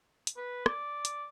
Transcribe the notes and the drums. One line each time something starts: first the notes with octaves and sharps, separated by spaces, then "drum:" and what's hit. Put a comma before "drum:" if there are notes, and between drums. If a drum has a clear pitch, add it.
drum: hi-hat
B4
D5, drum: rim click
drum: hi-hat